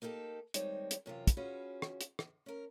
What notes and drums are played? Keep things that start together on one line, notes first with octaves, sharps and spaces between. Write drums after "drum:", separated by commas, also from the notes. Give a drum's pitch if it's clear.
A#3 D#4 G4 A4
D#2 G3 G#3 C4 D#4 C#5, drum: hi-hat
drum: hi-hat
F#2 C3 E3 F4
drum: kick, hi-hat
C#4 F4 F#4 G#4 B4
drum: rim click
drum: hi-hat
drum: rim click
C#4 A#4